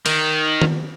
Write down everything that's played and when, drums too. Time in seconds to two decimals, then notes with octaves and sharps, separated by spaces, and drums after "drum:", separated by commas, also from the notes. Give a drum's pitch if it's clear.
0.06 D#3, drum: cymbal
0.62 drum: tom D#3